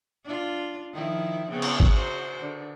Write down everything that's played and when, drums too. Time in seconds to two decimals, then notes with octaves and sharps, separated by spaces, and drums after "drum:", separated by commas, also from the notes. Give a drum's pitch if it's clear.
0.24 D4 F4
0.93 D#3 F3 E4
1.49 C#3 B3 C4
1.62 drum: cymbal
1.80 drum: kick
1.92 F#4 C5
2.39 D3